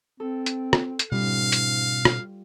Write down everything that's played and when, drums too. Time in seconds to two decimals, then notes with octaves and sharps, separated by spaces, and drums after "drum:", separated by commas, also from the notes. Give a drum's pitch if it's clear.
0.20 C4 A4
0.46 drum: hi-hat
0.73 drum: rim click
0.99 drum: hi-hat
1.12 G#2 B2 G3 C#4 F4 F5
1.52 drum: hi-hat
2.05 drum: rim click